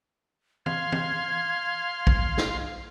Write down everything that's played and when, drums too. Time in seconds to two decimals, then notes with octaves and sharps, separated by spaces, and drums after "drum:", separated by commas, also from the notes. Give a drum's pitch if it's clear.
0.66 F5 C6 G#6, drum: tom E3
0.92 drum: tom E3
2.07 drum: kick
2.38 drum: snare